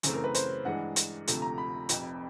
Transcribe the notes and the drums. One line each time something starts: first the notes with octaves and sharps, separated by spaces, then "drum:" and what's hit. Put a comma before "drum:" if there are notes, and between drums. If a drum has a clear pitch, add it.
F#2 C#3 E3 A3 C4, drum: hi-hat
A#4
B4
C5, drum: hi-hat
G2 E3 G#3 F#5
drum: hi-hat
D2 C3 F3 A3, drum: hi-hat
A#5
B5
F1 F2 C3, drum: hi-hat